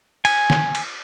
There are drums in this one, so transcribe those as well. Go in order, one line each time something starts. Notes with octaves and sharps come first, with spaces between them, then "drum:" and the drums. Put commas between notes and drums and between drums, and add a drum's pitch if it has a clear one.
G#5, drum: cymbal
drum: snare
drum: cymbal